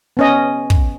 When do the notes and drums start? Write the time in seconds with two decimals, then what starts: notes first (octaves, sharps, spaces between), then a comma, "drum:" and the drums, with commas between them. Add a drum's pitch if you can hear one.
0.17 B3 C#4 D#5
0.70 drum: kick